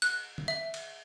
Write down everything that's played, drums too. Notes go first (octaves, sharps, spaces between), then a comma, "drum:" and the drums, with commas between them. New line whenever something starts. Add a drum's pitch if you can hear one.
F#6, drum: cymbal
drum: tom
E5
drum: cymbal